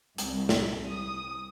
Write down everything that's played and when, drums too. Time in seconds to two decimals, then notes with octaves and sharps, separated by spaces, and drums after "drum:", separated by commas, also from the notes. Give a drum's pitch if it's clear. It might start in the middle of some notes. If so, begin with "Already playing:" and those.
0.18 C2, drum: hi-hat
0.49 drum: snare
0.88 D#6